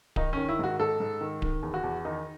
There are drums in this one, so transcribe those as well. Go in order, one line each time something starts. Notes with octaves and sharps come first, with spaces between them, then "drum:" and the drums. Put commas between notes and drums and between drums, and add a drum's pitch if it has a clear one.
D#3 D#4, drum: kick D1
D#3 C#4
E4
G#2 F#4
G#2 A4
G#2
D#3
D#3, drum: kick D1
E2
F#4
E2
D#3 D#4